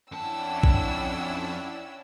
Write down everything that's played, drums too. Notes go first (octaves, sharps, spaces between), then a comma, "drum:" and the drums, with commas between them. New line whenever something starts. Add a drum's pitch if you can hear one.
F2 C#4 D4 E4 F#5 G5 A5 E6
drum: kick A#1